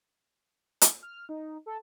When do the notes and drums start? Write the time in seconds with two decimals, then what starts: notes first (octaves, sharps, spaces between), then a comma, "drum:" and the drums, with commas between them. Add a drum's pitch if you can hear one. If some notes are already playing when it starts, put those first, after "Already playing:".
0.81 drum: hi-hat
1.03 F6
1.29 D#4
1.66 A4